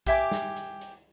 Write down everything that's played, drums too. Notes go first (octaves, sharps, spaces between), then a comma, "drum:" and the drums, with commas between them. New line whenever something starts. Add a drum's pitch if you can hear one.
G4 E5 G#5 D6, drum: kick A#1, hi-hat
drum: snare
drum: hi-hat
drum: hi-hat